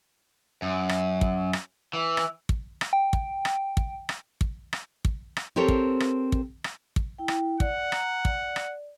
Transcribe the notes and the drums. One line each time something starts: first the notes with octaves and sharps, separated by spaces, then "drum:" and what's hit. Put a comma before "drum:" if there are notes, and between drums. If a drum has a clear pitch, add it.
F#2
drum: rim click
drum: kick
drum: rim click
E3
drum: rim click
drum: kick
drum: rim click
G5
drum: kick
drum: rim click
drum: kick
drum: rim click
drum: kick
drum: rim click
drum: kick
drum: rim click
C4 G4 A4 A#4 C5 C#5
drum: kick
drum: rim click
drum: kick
drum: rim click
drum: kick
E4 G5
drum: rim click
D5 F#5, drum: kick
A#5, drum: rim click
D5, drum: kick
drum: rim click